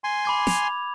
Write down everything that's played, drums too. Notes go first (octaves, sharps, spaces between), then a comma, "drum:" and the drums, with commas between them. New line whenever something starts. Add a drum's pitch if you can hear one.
G#5 C6
B5 D6 G#6
F7, drum: snare